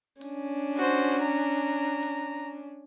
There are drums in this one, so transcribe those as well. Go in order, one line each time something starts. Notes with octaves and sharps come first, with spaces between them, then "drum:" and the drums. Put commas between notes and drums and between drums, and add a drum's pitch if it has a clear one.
C#4 D4, drum: open hi-hat
F#4 C5
drum: open hi-hat
A#5
drum: open hi-hat
drum: open hi-hat